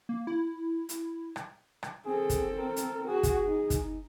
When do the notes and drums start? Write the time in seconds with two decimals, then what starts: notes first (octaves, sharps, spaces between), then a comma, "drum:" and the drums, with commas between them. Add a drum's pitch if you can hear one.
0.09 A#3
0.27 E4
0.89 drum: hi-hat
1.36 drum: rim click
1.83 drum: rim click
2.06 C4 G#4 A4
2.30 drum: kick, hi-hat
2.58 A#4
2.76 drum: hi-hat
3.07 F#4 G#4
3.23 drum: kick, hi-hat
3.47 D#4
3.70 drum: kick, hi-hat